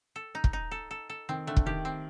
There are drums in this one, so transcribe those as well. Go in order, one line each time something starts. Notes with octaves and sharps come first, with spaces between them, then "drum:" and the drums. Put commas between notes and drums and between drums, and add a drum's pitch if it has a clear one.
A4
D#4
drum: kick
D#4
A4
A4
A4
D#3 C4
D3 A3
drum: kick
D#3 G4
C4